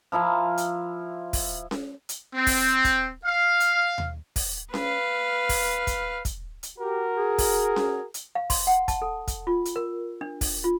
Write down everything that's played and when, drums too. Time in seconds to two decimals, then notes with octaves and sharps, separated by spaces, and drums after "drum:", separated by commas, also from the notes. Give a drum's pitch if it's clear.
0.12 F3 E4 F5 A#5
0.58 drum: hi-hat
1.33 drum: kick, open hi-hat
1.71 drum: snare C#4
2.09 drum: hi-hat
2.34 C4
2.47 drum: kick, open hi-hat
2.84 drum: kick, hi-hat
3.25 F5
3.60 drum: hi-hat
3.98 drum: tom D#2
4.36 drum: kick, open hi-hat
4.74 B4 F5, drum: snare C#4
5.49 drum: kick, open hi-hat
5.87 drum: kick, hi-hat
6.25 drum: kick, hi-hat
6.63 drum: hi-hat
6.78 F#4 G4 A#4
7.17 G#4
7.38 drum: kick, open hi-hat
7.76 drum: snare C#4
8.14 drum: hi-hat
8.35 F5
8.50 C6, drum: kick, open hi-hat
8.67 F#5
8.88 A5, drum: kick, hi-hat
9.02 A4
9.28 drum: kick, hi-hat
9.47 F4
9.65 drum: hi-hat
9.76 A#4
10.21 D4
10.41 drum: kick, open hi-hat
10.64 F4